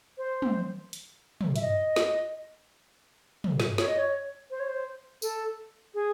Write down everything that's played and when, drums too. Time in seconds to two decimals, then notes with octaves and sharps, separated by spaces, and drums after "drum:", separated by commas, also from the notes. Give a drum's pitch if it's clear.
0.18 C5
0.42 drum: tom
0.93 drum: hi-hat
1.41 drum: tom
1.56 E5, drum: hi-hat
1.61 D#5
1.96 drum: snare
3.44 drum: tom
3.60 drum: snare
3.78 C#5, drum: snare
3.88 D#5
3.98 C#5
4.51 C5
4.60 C#5
4.68 C5
5.22 A4, drum: tambourine
5.94 G#4